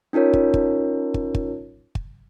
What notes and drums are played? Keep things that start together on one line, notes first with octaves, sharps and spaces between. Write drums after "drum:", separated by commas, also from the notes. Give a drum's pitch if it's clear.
C#4 D#4 F4 A#4 C#5
drum: kick
drum: kick
drum: kick
drum: kick
drum: kick